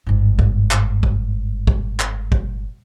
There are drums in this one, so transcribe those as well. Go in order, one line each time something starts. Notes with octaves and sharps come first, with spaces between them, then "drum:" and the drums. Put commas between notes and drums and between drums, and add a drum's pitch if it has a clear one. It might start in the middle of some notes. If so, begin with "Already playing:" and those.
G1 G#2
drum: kick
drum: clap
drum: kick
drum: kick
drum: clap
drum: kick